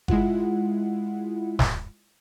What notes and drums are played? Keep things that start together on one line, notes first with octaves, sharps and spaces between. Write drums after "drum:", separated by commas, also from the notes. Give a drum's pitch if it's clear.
G#3 E4 F4 F#5, drum: kick G1
drum: snare